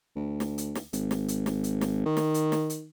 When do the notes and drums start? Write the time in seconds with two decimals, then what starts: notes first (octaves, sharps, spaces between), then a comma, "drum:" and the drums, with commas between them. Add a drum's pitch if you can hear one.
0.16 D2
0.40 drum: snare
0.58 drum: hi-hat
0.75 drum: snare
0.93 G#1, drum: hi-hat
1.11 drum: snare
1.28 drum: hi-hat
1.46 drum: snare
1.64 drum: hi-hat
1.81 drum: snare
2.06 D#3
2.17 drum: snare
2.34 drum: hi-hat
2.52 drum: snare
2.70 drum: hi-hat